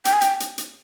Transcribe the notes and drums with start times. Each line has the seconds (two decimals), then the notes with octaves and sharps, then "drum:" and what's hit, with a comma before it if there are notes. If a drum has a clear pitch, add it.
0.05 G5, drum: hi-hat
0.13 G#5
0.21 G5, drum: hi-hat
0.40 drum: hi-hat
0.58 drum: hi-hat